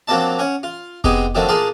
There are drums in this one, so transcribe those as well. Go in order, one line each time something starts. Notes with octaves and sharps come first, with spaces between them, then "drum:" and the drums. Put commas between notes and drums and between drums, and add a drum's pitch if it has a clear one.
F3 F#3 A#3 C4 D4 A5
C#4 C#5 F#5
F4
G#3 B3 C4 D#4 G4 G#4, drum: kick F1
D#3 F3 F#3 A3 C4 D4
A#2 D4 G#4 A#4 D5 C6